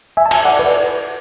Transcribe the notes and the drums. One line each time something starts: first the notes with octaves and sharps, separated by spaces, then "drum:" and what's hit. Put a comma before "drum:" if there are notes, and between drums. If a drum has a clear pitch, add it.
E5 G#5
A5
E5 G#5, drum: cymbal
D5 F#5
B4 D5